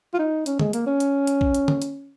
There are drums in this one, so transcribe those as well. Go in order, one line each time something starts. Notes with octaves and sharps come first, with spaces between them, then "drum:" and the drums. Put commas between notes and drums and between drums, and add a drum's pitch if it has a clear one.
F4
D#4
C#4, drum: hi-hat
G#3, drum: tom D3
A#3, drum: hi-hat
C#4
drum: hi-hat
drum: hi-hat
drum: kick A#1
drum: hi-hat
drum: tom D3
drum: hi-hat